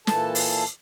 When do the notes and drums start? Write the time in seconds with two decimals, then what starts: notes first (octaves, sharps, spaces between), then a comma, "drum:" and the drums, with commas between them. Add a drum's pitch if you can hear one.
0.07 A#2 E3 A4 A5, drum: snare
0.35 drum: open hi-hat